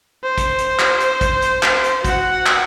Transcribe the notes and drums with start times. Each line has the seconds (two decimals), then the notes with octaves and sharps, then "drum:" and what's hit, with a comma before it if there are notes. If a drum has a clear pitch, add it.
0.24 C5
0.38 drum: kick, hi-hat
0.58 drum: hi-hat
0.79 drum: clap
1.00 drum: hi-hat
1.21 drum: kick, hi-hat
1.42 drum: hi-hat
1.63 drum: clap
1.84 drum: hi-hat
2.05 F#4 F#5, drum: kick, hi-hat
2.46 drum: clap